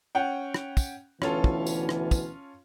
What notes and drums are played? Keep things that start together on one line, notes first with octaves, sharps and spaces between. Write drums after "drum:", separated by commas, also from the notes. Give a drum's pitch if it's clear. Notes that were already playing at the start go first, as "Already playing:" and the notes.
C#4 F#5 G5
drum: rim click
drum: kick, tambourine
D2 B2 E3 C#4 F4 A4, drum: rim click
drum: kick
drum: tambourine
drum: rim click
drum: kick, tambourine